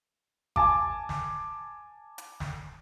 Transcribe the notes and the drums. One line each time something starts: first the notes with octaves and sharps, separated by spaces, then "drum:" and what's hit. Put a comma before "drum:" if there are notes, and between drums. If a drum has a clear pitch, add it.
G#5 A5 D6, drum: kick
drum: snare
drum: hi-hat
drum: snare